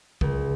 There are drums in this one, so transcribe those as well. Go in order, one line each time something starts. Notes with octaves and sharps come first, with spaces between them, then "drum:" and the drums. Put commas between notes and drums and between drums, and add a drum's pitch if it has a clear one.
C#2, drum: kick